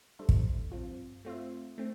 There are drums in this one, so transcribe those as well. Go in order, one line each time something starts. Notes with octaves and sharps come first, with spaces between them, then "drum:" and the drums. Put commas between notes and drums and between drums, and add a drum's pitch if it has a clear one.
G3 D4 A4 C5 E5
drum: kick
G2 F3 C4 F4
A3 C4 F4 C5 E5
A3 C4